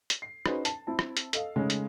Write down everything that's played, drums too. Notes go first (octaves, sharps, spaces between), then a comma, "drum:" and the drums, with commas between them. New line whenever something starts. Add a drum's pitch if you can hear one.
drum: hi-hat
C7
C#4 D#4 F#4 G#4 B4 C5, drum: rim click
A5, drum: hi-hat
C4 E4 A5
drum: rim click
drum: hi-hat
A4 D#5 F5, drum: hi-hat
C#3 G#3 A3 C#4 D#4
drum: hi-hat